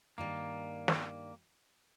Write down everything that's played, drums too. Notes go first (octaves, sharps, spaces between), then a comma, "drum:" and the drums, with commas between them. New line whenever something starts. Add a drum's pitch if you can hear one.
G2 D#3 G3 A#3
drum: snare